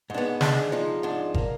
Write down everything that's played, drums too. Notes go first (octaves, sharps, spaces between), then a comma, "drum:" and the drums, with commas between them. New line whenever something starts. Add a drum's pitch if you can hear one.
G#2 D4
B3
G#3 D4, drum: snare
F3 D#4
G#2 D4
A#3, drum: kick